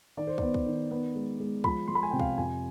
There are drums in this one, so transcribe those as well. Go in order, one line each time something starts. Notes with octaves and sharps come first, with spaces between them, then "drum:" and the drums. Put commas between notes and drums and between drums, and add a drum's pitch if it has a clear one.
D#3 D5
C5
B3 D5, drum: kick
drum: kick
D#3
B3
G#3
G#3
F3 B5, drum: kick
F3 C6
B5
G#5
C3 G5
F5, drum: kick
F2 G#5